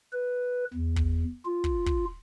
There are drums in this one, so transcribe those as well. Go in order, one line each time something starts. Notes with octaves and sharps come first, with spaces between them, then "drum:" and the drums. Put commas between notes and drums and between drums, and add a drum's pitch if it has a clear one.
B4
E2
drum: kick
F4
drum: kick
drum: kick